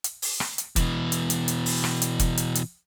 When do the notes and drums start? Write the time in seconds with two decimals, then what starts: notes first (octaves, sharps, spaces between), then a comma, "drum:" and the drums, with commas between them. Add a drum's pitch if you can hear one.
0.04 drum: hi-hat
0.22 drum: open hi-hat
0.40 drum: rim click
0.58 drum: hi-hat
0.76 B2 E3, drum: kick F1, hi-hat
1.12 drum: hi-hat
1.30 drum: hi-hat
1.48 drum: hi-hat
1.66 drum: open hi-hat
1.84 drum: rim click
2.02 drum: hi-hat
2.20 drum: kick F1, hi-hat
2.37 drum: hi-hat
2.55 drum: hi-hat